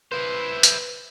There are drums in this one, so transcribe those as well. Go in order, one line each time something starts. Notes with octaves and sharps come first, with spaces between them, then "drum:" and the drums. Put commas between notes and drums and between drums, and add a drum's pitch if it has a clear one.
E4 B4 C5
drum: hi-hat